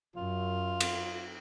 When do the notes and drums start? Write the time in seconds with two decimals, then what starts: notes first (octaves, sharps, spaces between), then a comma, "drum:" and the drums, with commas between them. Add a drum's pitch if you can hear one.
0.16 F#2 F4
0.81 drum: cymbal